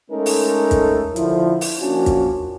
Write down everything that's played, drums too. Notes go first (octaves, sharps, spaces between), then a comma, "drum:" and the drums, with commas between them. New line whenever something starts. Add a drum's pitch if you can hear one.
G#3 A3 C#4 D#4 A4 A#4
drum: open hi-hat
drum: kick, hi-hat
D3 F3 E4, drum: hi-hat
drum: open hi-hat
F3 A#3 C#4 D4 F#4
drum: kick, hi-hat